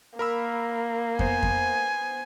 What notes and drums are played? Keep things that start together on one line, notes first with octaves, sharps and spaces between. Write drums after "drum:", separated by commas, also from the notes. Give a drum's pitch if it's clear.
A#3 A#4 B5 E6
B3 C5 G#5, drum: kick F2
drum: kick F2